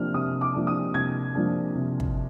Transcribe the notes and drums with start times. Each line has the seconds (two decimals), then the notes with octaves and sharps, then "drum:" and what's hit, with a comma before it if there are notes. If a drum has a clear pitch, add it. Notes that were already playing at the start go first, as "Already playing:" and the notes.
Already playing: C3 F3 A#3 D4 F6
0.14 C3 D#6
0.41 D6
0.54 F3 A#3 D4
0.67 D#6
0.94 C3 G#6
1.35 F3 A#3 D4
1.75 C3
2.00 drum: kick